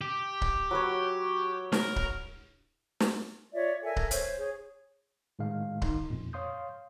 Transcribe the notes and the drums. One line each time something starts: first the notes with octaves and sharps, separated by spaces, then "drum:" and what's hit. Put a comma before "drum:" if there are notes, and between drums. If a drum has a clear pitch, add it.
G4
drum: kick C#1
F#3 B4 C#5
A#4, drum: snare
drum: kick C#1
drum: snare
F4 C#5 D5 E5
A4 A#4 E5 G#5
drum: kick C#1
C5 C#5, drum: hi-hat
G#4 C#5
A2 D#3 G#3 F5
D#3 D#4 C6, drum: kick C#1
F2 A#2
C#5 F5 C6 D#6 G6